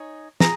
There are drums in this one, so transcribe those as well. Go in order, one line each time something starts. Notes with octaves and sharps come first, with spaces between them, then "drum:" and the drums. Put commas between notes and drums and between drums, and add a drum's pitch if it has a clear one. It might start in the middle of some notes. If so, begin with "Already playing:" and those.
Already playing: D#4 G#4 C#5
G#4 A#5, drum: snare